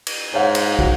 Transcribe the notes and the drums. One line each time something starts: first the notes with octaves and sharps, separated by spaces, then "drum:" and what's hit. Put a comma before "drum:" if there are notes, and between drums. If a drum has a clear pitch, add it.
drum: cymbal
G#2 C#5 F5 F#5
drum: cymbal
F#4, drum: kick